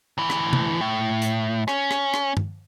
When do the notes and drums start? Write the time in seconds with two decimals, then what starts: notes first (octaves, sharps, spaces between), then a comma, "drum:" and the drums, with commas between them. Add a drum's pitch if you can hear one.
0.18 D2 E3
0.30 drum: rim click
0.53 drum: tom C3
0.81 A2
1.22 drum: hi-hat
1.68 C#4, drum: rim click
1.91 drum: rim click
2.14 drum: rim click
2.37 drum: tom G2